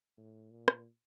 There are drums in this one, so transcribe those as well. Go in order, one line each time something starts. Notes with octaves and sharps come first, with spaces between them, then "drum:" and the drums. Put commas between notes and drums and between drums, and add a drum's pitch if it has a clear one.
A2
A#2
drum: rim click